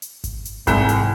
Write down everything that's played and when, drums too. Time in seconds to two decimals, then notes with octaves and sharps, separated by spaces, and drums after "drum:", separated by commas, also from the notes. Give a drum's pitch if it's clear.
0.02 drum: hi-hat
0.24 drum: kick G#1, hi-hat
0.45 drum: hi-hat
0.67 C2 G#2 E3 E4, drum: kick G#1, hi-hat
0.89 drum: hi-hat